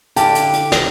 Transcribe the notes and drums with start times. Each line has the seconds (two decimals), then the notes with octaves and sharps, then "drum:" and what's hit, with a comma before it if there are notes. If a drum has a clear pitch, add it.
0.16 D3 E4 G4 F5 G5 A5, drum: hi-hat
0.35 drum: hi-hat
0.53 drum: hi-hat
0.72 drum: snare